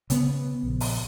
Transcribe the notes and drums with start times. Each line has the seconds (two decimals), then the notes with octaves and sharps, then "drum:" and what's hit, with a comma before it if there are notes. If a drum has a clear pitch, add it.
0.10 C#3 B3, drum: hi-hat
0.63 A#1
0.80 drum: open hi-hat